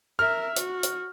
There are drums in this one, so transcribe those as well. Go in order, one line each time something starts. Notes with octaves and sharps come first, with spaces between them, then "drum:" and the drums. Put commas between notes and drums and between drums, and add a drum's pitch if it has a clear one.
A#4 E5 F6
F#4, drum: hi-hat
drum: hi-hat